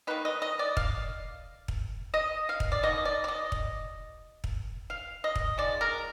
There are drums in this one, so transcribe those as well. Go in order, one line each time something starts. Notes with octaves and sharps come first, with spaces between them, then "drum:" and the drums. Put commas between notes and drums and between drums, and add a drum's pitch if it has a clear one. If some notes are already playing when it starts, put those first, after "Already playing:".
D#3 A#3 D#4 B4
D#5
D#5
D5
F5, drum: kick
drum: kick
D#5
F5
drum: kick
D5
B2 A#3 D#4 D#5
D5
D5
D#5
drum: kick
drum: kick
F5
D#5
drum: kick
F3 G#3 D#4 D5
A#4